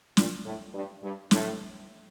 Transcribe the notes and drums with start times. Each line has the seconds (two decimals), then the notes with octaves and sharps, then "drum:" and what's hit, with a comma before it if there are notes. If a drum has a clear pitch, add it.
0.17 A#2, drum: snare
0.45 A2
0.74 G2
1.03 G2
1.31 A2, drum: snare